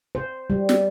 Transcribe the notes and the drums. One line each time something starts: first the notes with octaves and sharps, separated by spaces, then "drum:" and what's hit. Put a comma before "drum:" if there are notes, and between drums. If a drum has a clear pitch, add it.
C5
G3
drum: snare